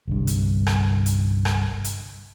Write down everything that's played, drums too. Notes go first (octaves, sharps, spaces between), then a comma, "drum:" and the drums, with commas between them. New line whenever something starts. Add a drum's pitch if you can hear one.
G1 C2 G2
drum: hi-hat
drum: rim click
drum: hi-hat
drum: rim click
drum: hi-hat